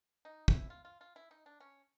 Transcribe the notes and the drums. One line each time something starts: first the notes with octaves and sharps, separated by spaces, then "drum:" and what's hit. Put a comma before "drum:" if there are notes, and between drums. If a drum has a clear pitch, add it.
D#4
E4, drum: kick
F4
F4
F4
E4
D#4
D4
C#4